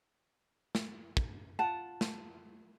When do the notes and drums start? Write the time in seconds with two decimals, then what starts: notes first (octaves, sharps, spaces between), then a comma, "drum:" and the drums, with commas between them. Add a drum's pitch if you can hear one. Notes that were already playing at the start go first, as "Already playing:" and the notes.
0.75 drum: snare
1.17 drum: kick
1.59 F4 F#5 A5
2.01 drum: snare